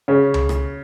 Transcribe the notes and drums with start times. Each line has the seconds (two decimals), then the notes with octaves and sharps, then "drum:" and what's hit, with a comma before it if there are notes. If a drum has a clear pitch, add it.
0.08 C#3 C#4
0.34 drum: tom C#2
0.49 drum: rim click